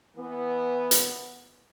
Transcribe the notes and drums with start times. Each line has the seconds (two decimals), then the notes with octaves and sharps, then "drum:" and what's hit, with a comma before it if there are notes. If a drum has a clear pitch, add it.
0.17 E3 B3
0.91 drum: hi-hat